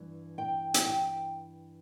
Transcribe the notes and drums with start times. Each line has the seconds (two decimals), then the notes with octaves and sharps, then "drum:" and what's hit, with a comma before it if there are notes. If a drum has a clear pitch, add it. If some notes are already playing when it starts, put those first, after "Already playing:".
Already playing: G2 E3
0.38 G5
0.74 drum: hi-hat
0.85 G5